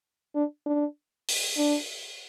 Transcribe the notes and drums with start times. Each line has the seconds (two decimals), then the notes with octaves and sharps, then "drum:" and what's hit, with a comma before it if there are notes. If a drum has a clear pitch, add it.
0.35 D4
0.66 D4
1.28 drum: open hi-hat
1.57 D4